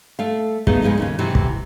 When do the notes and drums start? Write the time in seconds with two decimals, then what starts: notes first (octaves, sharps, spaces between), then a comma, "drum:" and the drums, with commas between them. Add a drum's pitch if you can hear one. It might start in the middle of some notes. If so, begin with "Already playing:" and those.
0.19 A3 F5
0.67 A3 B3 D#4 G#4 F5, drum: kick
0.82 C#3 F3 G#3 B3 D#4
0.98 D#2 C#3 C#4
1.19 C3 E3 F#3 C4 F#4
1.35 drum: kick